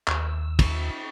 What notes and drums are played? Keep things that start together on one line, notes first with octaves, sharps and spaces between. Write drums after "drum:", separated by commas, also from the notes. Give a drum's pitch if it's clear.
D#2 E6, drum: clap
drum: kick, cymbal